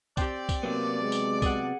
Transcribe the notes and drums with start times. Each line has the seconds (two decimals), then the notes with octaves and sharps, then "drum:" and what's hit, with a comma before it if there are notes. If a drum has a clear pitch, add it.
0.17 C4 G4 D5, drum: kick B1, tambourine
0.49 drum: kick B1, tambourine
0.63 C3 F#3 A#3 B3
1.02 G#3
1.12 drum: tambourine
1.42 G#4 F#5, drum: kick B1, tambourine